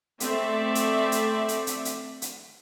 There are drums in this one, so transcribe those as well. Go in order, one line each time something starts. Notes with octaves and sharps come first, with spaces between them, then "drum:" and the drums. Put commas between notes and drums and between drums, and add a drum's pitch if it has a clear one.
A3 C4 D5 E5, drum: hi-hat
drum: hi-hat
drum: hi-hat
drum: hi-hat
drum: hi-hat
drum: hi-hat
drum: hi-hat